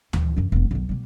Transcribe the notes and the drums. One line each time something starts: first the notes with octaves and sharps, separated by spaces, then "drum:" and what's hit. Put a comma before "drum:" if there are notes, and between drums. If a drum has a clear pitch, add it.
E3 E4, drum: tom D2
F#2 E3
E1 B3
B1 F#2
B2 G3